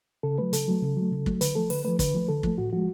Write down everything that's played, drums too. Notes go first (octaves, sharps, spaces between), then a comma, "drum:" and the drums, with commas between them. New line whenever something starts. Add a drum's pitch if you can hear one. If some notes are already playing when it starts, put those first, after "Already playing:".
C#3 A4
F#3 A3 B4
C#3 A4, drum: hi-hat
F#3 A3
C#3
F#3 A3
C#3
F#3 A3, drum: kick
D3 B4, drum: hi-hat
F3 A3 A4
D3 B4, drum: open hi-hat
F3 A3 B4
D3 B4, drum: kick, hi-hat
F3 A3
D3 A4
F3 A3, drum: kick
A2 F#4
F3 G#3 F#4